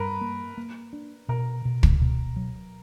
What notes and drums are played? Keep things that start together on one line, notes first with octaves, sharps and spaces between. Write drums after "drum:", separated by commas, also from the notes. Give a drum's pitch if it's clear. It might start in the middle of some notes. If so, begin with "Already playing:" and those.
Already playing: G2 A#4 B4
A#3
A#3
D4
B2 A#4
B2
drum: kick
B2
F#3